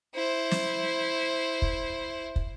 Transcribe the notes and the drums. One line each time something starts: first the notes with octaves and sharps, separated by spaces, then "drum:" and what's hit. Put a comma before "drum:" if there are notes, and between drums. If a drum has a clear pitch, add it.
E4 C5
drum: snare
drum: kick
drum: kick